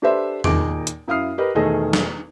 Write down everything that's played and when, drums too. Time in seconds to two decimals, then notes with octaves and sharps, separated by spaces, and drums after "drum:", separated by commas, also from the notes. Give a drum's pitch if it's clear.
0.02 D4 G4 A4 B4 C5 E5
0.44 D#2 A#2 D#4 G#4 D6 D7, drum: tom E2
0.87 drum: hi-hat
1.08 F#2 E4 F5 D#6 F6 C7
1.38 G4 A#4 B4 D#5
1.55 E1 D#3 A3 G#4 A4 D#5
1.93 drum: snare